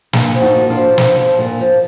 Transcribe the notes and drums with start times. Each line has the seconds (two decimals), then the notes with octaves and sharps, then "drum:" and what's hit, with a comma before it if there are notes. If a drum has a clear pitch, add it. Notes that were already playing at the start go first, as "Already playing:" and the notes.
0.13 A#2 D4 F4, drum: snare
0.35 F3
0.41 D#4 F#4
0.55 A#2
0.70 D4 F4
0.76 F3
0.98 F3, drum: snare
1.18 F3
1.39 A#2
1.61 F3